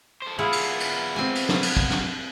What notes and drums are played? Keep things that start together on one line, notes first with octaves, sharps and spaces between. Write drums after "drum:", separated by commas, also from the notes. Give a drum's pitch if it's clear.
A4 C5
B3 E4 F4 G#4 F#5
drum: cymbal
drum: cymbal
C4 G#5
drum: cymbal
drum: snare
drum: cymbal
drum: kick
drum: snare